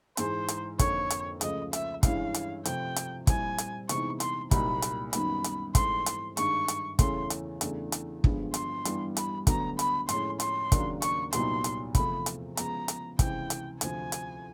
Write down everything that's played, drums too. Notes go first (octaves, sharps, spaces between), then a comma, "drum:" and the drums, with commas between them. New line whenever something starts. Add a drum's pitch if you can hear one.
G#2 E3 G#3 C5, drum: hi-hat
drum: hi-hat
F2 D3 F3 A#3 C#5, drum: kick, hi-hat
drum: hi-hat
C#2 C#3 F3 A3 D#5, drum: hi-hat
E5, drum: hi-hat
G2 E3 G#3 C#4 E4 F5, drum: kick, hi-hat
drum: hi-hat
C3 F3 A3 G5, drum: hi-hat
drum: hi-hat
A#2 G3 C4 E4 G#5, drum: kick, hi-hat
drum: hi-hat
C3 E3 G#3 B3 D#4 C#6, drum: hi-hat
C6, drum: hi-hat
C2 A#2 F#3 A#3 D#4 B5, drum: kick, hi-hat
drum: hi-hat
F#2 D#3 G3 B3 D#4 B5, drum: hi-hat
drum: hi-hat
G#2 E3 A3 C4 C6, drum: kick, hi-hat
drum: hi-hat
G2 D#3 G#3 C#6, drum: hi-hat
drum: hi-hat
E2 C#3 E3 A3 C#4 C6, drum: kick, hi-hat
drum: hi-hat
E2 C#3 E3 A3 D4, drum: hi-hat
drum: hi-hat
G2 D3 F3 G#3 B3, drum: kick
C6, drum: hi-hat
G2 E3 G3 B3, drum: hi-hat
B5, drum: hi-hat
D2 D3 F#3 B3 A#5, drum: kick, hi-hat
B5, drum: hi-hat
A2 F3 G#3 C#4 E4 C6, drum: hi-hat
C6, drum: hi-hat
D#2 C#3 F#3 A#3 D4, drum: kick, hi-hat
C#6, drum: hi-hat
C2 A#2 F#3 B3 D#4 C6, drum: hi-hat
drum: hi-hat
E2 C3 F3 A3 B5, drum: kick, hi-hat
drum: hi-hat
C#3 F3 G#3 B3 A#5, drum: hi-hat
drum: hi-hat
C#2 C3 E3 G5, drum: kick, hi-hat
drum: hi-hat
D2 C3 F3 G#5, drum: hi-hat
drum: hi-hat